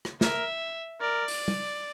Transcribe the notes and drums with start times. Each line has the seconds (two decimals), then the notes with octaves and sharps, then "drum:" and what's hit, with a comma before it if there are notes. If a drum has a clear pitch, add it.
0.05 drum: rim click
0.21 A#4 E5, drum: snare
1.01 A#4 D5
1.28 drum: open hi-hat
1.48 drum: tom G3